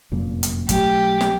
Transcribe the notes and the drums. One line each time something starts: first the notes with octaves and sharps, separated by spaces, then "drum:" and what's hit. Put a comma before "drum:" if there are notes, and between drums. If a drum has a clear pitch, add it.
F1 F#2 A#2
drum: hi-hat
B1 F#3 A3 G4, drum: kick, hi-hat
drum: snare